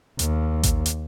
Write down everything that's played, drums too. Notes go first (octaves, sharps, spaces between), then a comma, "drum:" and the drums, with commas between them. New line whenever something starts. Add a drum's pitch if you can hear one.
D#2, drum: hi-hat
drum: kick A1, hi-hat
drum: hi-hat